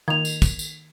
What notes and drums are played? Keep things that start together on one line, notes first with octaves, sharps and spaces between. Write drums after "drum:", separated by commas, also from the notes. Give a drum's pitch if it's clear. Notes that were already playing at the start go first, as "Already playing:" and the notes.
D#3 G#6 F7
drum: tambourine
drum: kick, tambourine
drum: tambourine